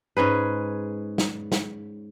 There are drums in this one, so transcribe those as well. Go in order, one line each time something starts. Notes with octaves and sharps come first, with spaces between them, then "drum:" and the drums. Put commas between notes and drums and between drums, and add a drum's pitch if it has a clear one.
G#2 C#4 G#4 B4
drum: snare
drum: snare